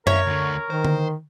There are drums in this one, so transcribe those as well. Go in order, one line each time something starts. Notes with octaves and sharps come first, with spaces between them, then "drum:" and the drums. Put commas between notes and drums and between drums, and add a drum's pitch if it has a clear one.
A#4 C#5 D#5 E5, drum: tom F#2
D2 D3
D#3 C5
drum: tom D3